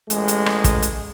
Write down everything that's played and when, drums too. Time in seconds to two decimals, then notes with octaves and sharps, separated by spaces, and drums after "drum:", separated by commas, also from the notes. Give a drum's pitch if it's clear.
0.10 A1 G#3, drum: hi-hat
0.28 drum: hi-hat
0.46 drum: rim click
0.64 drum: kick, hi-hat
0.83 drum: hi-hat